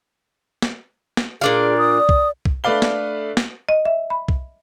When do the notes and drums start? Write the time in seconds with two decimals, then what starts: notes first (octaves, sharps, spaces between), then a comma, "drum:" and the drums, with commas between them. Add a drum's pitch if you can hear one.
0.62 drum: snare
1.17 drum: snare
1.41 A#2 D4 G#4 F5
1.78 D5 D#6
2.09 drum: kick
2.45 drum: kick
2.64 A3 D4 B4 D5 F5 G7
2.82 drum: snare
3.37 drum: snare
3.69 D#5
3.85 E5
4.10 B5
4.28 drum: kick